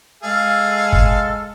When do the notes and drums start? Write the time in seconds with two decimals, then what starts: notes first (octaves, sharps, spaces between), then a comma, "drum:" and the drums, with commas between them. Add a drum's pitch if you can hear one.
0.23 G#3 G#4 A4 F5
0.92 drum: kick